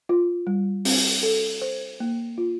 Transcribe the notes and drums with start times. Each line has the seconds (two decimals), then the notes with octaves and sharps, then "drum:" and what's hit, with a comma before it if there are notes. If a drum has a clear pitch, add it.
0.09 F4
0.47 G3
0.85 C4, drum: open hi-hat
1.23 A4
1.62 C5
2.00 A#3
2.38 F4